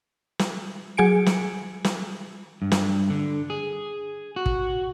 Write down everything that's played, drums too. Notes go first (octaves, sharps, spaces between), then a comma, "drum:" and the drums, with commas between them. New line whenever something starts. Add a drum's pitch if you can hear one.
drum: snare
F#3 G#4 G#5 C#7 D7
drum: snare
drum: snare
G2
drum: snare
D3
G#4
F#4
drum: kick